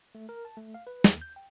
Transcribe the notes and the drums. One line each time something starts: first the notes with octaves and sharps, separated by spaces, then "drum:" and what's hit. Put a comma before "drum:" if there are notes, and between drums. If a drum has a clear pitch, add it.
A3
A#4
A5
A3
F5
B4
D#2, drum: snare
G6
G5